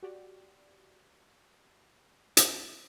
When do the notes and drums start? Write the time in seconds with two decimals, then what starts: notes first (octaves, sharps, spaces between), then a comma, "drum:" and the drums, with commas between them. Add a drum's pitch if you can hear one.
0.03 F#4 G4 D5
2.37 drum: hi-hat